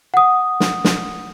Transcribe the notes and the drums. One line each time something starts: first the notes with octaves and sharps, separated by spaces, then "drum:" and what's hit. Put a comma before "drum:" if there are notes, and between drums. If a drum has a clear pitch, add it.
F#5 D#6
drum: snare
drum: snare